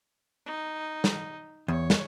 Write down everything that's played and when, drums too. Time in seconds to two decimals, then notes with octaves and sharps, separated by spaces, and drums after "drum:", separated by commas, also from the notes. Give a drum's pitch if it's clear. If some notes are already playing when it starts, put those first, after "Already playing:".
0.46 D#4
1.04 drum: snare
1.68 E2 C#5
1.90 drum: snare